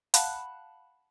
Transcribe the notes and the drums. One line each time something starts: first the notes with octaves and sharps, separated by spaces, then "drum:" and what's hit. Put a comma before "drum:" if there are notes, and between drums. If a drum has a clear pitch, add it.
F5 F#5 A5 B5 F#6, drum: hi-hat